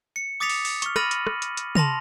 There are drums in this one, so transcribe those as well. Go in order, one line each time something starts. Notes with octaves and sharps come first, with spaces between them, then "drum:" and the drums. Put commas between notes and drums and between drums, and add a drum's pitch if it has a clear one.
C#7
D6 D#6 A6 B6 C#7 F7
drum: open hi-hat
drum: open hi-hat
C#6 F6, drum: hi-hat
B5 F6 A6 A#6 D#7 F#7, drum: rim click
drum: hi-hat
drum: rim click
drum: hi-hat
drum: hi-hat
A5 C6 A#6 F7, drum: tom